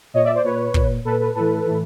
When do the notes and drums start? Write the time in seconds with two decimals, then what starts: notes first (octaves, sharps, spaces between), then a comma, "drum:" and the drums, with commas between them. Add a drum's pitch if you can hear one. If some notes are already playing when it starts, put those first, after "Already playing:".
0.14 A#2 C#5 D#5
0.24 D5 E5
0.34 C5 D5
0.44 A#2 B4 C#5
0.74 A#2, drum: kick
1.05 A#2 A4 B4
1.20 A4 B4
1.35 A2 E3 A4 B4
1.66 A2 E3